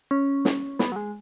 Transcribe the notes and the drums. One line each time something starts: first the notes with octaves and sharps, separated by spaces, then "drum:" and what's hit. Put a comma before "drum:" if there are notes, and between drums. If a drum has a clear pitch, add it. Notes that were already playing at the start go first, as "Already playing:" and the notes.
C#4
drum: snare
B3, drum: snare
F#3
G#3